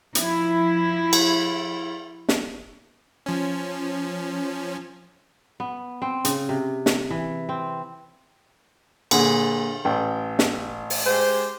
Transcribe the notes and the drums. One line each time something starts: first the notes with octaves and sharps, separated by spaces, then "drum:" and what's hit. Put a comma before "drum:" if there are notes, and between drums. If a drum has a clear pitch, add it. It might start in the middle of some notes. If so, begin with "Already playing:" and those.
F3 E4, drum: hi-hat
drum: cymbal
drum: snare
F3 C#4
B3
C4
C#3, drum: hi-hat
C3
drum: snare
E3
C4
A#2 D3 G#4, drum: cymbal
A1 G5
drum: snare
drum: open hi-hat
G#3 G4 C5